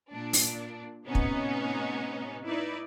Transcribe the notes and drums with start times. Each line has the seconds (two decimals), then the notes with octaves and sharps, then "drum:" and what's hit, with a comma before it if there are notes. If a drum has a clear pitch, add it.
0.10 A#2 D4
0.33 drum: open hi-hat
1.05 A2 C3 B3 C#4 D#4
1.15 drum: kick
2.46 D#4 E4 B4 D5